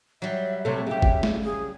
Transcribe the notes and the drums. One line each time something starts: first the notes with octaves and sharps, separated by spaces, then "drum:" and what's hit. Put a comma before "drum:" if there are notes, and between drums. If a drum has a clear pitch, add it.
F#3 G3 E5
C3 A3 C#5
C#3 G4 E5
drum: kick G1
drum: snare A3
G#4